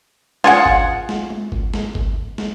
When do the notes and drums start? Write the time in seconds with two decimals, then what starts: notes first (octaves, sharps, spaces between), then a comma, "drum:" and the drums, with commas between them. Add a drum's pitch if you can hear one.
0.44 F4 G#4 F#5, drum: snare
0.66 drum: kick G1
1.09 drum: snare
1.30 drum: tom G#3
1.52 drum: kick G1
1.74 drum: snare
1.95 drum: kick G1
2.38 drum: snare